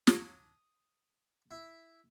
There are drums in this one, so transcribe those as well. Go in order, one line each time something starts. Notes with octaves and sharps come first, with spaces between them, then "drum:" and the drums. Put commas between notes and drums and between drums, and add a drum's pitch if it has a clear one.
D#6, drum: snare
E4